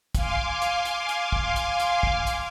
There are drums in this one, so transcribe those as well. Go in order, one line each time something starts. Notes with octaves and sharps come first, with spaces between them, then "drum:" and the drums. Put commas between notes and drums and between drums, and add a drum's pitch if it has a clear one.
F5 G#5 C6 D6, drum: kick, hi-hat
drum: hi-hat
drum: hi-hat
drum: hi-hat
drum: kick
drum: hi-hat
drum: hi-hat
drum: kick
drum: hi-hat